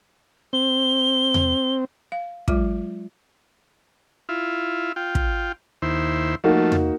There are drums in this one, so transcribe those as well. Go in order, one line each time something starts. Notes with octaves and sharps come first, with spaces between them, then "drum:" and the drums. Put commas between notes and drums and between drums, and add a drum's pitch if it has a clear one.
C4 G7
drum: tom E2
F5
F#3 G#3 F4, drum: kick
E4 F4
F4 G5
drum: kick
D#2 E4 C5
F3 A3 A#3 D#4 F#4
drum: tom E2